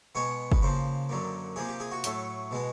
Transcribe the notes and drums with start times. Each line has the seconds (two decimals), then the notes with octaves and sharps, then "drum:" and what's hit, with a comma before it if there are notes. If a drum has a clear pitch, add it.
0.15 B2 G#3 B3 C#5
0.52 B4, drum: kick
0.62 C#3 F3 A#3 C5
1.09 F#2 D3 F#3 A#3
1.56 C3 F3 A#3 G#4
1.69 G4
1.80 G#4
1.92 F#4
2.04 A2 F#3 A3, drum: hi-hat
2.51 B2 G#3 B3